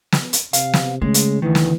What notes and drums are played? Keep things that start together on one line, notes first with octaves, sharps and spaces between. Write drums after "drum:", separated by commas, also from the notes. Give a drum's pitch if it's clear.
drum: snare
drum: hi-hat
C3 F5, drum: hi-hat
drum: snare
C#3 G#3 A3
drum: hi-hat
D2 D#3 E3
drum: snare